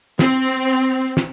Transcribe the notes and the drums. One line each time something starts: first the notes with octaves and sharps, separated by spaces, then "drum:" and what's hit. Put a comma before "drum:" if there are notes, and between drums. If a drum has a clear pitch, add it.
C4, drum: snare
drum: snare